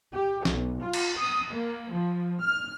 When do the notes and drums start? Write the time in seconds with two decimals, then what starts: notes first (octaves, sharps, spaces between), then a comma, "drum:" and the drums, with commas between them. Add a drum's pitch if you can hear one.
0.14 G4
0.45 B1, drum: snare
0.81 F4
0.93 drum: cymbal
1.17 D#6
1.51 A#3
1.91 F3
2.41 F6